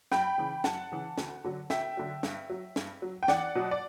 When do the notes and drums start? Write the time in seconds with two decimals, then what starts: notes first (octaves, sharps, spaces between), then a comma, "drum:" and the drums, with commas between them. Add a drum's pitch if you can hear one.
0.11 F#2 G5 B5, drum: snare
0.38 C#3 E3
0.64 F#2 F#5 A5, drum: snare
0.92 C#3 E3
1.18 D2, drum: snare
1.44 D3 F#3
1.70 D2 E5 G5, drum: snare
1.97 D3 F#3
2.23 G2, drum: snare
2.50 F#3
2.76 G2, drum: snare
3.02 F#3
3.23 G5
3.28 E2 D5 F#5, drum: snare
3.55 B2 F#3
3.71 D5